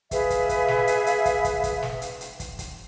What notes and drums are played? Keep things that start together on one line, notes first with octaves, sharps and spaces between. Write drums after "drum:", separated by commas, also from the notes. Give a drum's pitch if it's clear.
G#4 B4 E5 F5, drum: kick, hi-hat
drum: kick, hi-hat
drum: kick, hi-hat
drum: snare
drum: hi-hat
drum: hi-hat
drum: kick, hi-hat
drum: kick, hi-hat
drum: kick, hi-hat
drum: snare
drum: hi-hat
drum: hi-hat
drum: kick, hi-hat
drum: kick, hi-hat